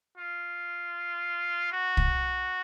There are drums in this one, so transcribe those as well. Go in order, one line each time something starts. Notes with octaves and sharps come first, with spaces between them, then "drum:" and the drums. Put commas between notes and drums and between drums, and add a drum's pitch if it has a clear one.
F4
F#4
drum: kick